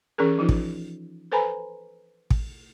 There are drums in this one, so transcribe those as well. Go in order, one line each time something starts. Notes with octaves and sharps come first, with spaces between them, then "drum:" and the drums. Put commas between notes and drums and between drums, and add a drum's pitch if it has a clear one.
E3 C#4 G4 G#4 A#4
F3 D#4 F4 C5
drum: kick
A4 B4 C5 G#5 A#5 B5
drum: kick